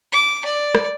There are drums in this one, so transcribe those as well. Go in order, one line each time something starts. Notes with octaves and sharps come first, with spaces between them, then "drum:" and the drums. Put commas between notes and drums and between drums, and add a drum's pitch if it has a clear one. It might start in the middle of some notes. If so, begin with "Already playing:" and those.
D6
D5
drum: rim click